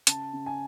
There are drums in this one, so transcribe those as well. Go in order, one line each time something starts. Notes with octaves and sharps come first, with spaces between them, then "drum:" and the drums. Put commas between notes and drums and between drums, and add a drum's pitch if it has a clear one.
C#3 A5, drum: hi-hat
C#3
G#5